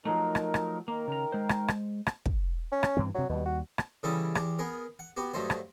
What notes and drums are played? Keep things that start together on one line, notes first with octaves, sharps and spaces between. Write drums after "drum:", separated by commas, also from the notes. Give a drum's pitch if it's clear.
F3 F#3 A3 D#4 A#4
drum: rim click
drum: rim click
D#3 A#3 A#4
C#3 A#5
G#3 C5
drum: rim click
drum: rim click
drum: rim click
drum: kick
C#4
drum: rim click
G2 E3 C4
G2 C3 F#3
D#2 B2 G3
F#4
drum: rim click
C#3 E3 G3 D#4 E4 A4
E2 G4, drum: rim click
B3 G#4 A#4
F#5
B3 F#4 G4
G2 F#3 A3 D#4 C5
drum: rim click